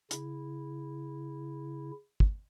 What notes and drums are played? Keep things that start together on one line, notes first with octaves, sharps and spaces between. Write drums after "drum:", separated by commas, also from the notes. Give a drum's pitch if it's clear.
C#3 E4, drum: hi-hat
drum: kick